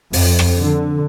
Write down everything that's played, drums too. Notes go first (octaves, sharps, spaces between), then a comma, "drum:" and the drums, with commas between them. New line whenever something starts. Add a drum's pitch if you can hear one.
F2, drum: open hi-hat
drum: rim click
D3